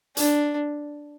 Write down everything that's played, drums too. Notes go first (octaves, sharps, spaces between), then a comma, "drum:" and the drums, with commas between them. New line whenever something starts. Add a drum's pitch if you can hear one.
D4, drum: hi-hat